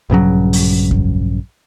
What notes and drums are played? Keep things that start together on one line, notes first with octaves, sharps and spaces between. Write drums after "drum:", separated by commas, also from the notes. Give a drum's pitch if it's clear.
A#1 G2 C#3 F#3
drum: open hi-hat
drum: kick F2